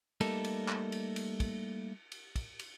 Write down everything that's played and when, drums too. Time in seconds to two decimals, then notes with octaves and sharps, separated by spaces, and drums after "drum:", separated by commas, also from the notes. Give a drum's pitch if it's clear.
0.21 G3 A3 A#3 D#4 A4, drum: cymbal
0.44 drum: cymbal
0.68 drum: clap
0.92 drum: cymbal
1.16 drum: cymbal
1.40 drum: kick, cymbal
2.12 drum: cymbal
2.36 drum: kick, cymbal
2.59 drum: cymbal